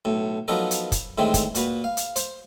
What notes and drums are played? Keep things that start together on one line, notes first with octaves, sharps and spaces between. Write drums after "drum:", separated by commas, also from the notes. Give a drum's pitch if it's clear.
B1 A2
F3 F#3 B3 D#4 A4 A#4
drum: hi-hat
drum: kick, hi-hat
A2 D#3 E3 G#3 C4
drum: kick, hi-hat
A#2 F#4 B4, drum: hi-hat
F5
drum: hi-hat
C5, drum: hi-hat